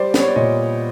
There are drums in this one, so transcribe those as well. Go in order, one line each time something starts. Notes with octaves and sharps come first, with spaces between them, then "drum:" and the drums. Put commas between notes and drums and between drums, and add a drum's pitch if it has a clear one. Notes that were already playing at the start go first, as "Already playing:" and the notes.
Already playing: G3 C5 D5
B3, drum: snare
C#5
D5
A#2 C#5 D#5